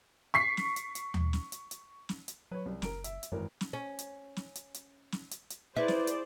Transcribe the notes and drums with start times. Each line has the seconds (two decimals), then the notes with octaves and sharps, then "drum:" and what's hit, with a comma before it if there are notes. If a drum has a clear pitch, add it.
0.34 C#6 B6 C7
0.57 drum: snare
0.76 drum: hi-hat
0.95 drum: hi-hat
1.14 drum: tom D#2
1.33 drum: snare
1.52 drum: hi-hat
1.71 drum: hi-hat
2.09 drum: snare
2.28 drum: hi-hat
2.51 F#3 B4 C#5
2.66 C2
2.82 F#1 A#4 A#5 D7, drum: snare
3.04 E5, drum: hi-hat
3.23 drum: hi-hat
3.32 G#1 F#2 E3 A#4
3.61 drum: snare
3.73 C#4
3.99 drum: hi-hat
4.36 drum: snare
4.55 drum: hi-hat
4.74 drum: hi-hat
5.12 drum: snare
5.31 drum: hi-hat
5.50 drum: hi-hat
5.77 E4 G#4 B4 C5 D5
5.88 drum: snare
6.07 drum: hi-hat